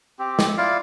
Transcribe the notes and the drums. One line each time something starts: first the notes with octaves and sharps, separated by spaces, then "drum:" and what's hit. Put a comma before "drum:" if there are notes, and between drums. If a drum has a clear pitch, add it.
C4 G4
drum: snare
E4 F4 D5 F5